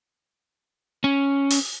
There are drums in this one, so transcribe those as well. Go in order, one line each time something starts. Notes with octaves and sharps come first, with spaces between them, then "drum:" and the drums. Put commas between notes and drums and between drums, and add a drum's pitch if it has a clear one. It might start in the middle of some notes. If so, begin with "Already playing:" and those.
C#4
drum: open hi-hat